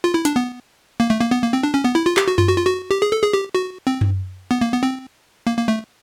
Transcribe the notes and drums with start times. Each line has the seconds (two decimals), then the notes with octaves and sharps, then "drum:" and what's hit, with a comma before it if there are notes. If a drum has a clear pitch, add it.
0.04 F4
0.14 E4
0.25 D4, drum: hi-hat
0.36 B3
1.00 A#3
1.10 A3
1.21 A#3
1.31 B3
1.42 A#3
1.53 C4
1.63 D4
1.74 C#4
1.84 B3
1.95 E4
2.06 F4
2.17 G4, drum: clap
2.28 F#4
2.38 F4, drum: tom F#2
2.48 F#4
2.57 F4
2.66 F#4
2.91 G4
3.02 G#4
3.12 A4
3.23 G#4
3.33 G4
3.55 F#4
3.87 C4
4.01 drum: tom F#2
4.51 B3
4.61 A#3
4.72 B3
4.83 C4
5.47 A#3
5.57 A#3
5.68 A3